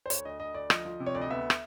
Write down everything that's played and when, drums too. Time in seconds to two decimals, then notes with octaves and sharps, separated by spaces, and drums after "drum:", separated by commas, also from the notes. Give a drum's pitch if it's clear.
0.06 C5
0.10 D2 C#5, drum: hi-hat
0.25 D2 D#5
0.40 D2 D#5
0.54 D2 D5
0.70 F3 D#5, drum: rim click
0.85 F3
1.00 C3
1.06 C#5
1.15 D2 D5
1.21 D#5
1.30 B3 E5
1.50 drum: rim click